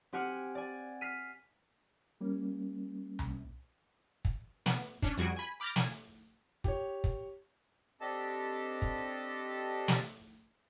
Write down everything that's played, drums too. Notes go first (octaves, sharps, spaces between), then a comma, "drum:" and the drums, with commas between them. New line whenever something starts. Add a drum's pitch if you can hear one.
C4 G4 F#5 G#5 F6
D5 G#5
F6 B6 C7 D#7
G3 A#3 C#4
drum: tom C2
drum: kick
B3, drum: snare
C#4 D4, drum: kick
F2 G3 F#4 G#4 G#5 D7
G#5 B5
B5 D6 F6 G6 A6 A#6
G#5, drum: snare
G4 C#5, drum: kick
drum: kick
C4 D4 G4 A4 D#5 A5
drum: kick
drum: snare